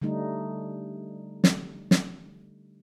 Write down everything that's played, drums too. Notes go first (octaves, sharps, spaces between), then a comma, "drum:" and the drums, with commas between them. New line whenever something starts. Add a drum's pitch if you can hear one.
D3 G3 A3 D#4
drum: snare
drum: snare